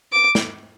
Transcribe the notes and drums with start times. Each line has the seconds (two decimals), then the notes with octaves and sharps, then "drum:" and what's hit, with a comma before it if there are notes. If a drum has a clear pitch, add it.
0.12 D6
0.35 drum: snare